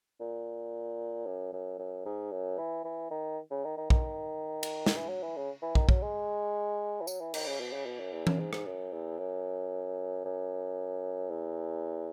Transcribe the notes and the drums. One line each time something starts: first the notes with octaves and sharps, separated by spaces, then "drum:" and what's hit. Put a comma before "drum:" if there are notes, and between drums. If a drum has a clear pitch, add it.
A#2
F#2
F#2
F#2
G#2
F#2
E3
E3
D#3
C#3
D#3
D#3
D#3, drum: kick
drum: cymbal
drum: snare
E3
F#3
E3
C#3
E3
D#3, drum: kick
F#3, drum: kick
G#3
E3
F#3, drum: tambourine
E3
D#3, drum: cymbal
C#3
B2
C#3
B2
F#2
E2
F#2, drum: tom E3
G#2
G#2, drum: rim click
F#2
E2
F#2
F#2
E2